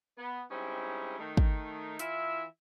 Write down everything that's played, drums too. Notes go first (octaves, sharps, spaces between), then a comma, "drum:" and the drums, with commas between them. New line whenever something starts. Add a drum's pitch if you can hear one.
B3
G3 G#3 C4 C#4 D#4 E4
D#3 A3 D#4
drum: kick
E3 E4 F4 E5, drum: hi-hat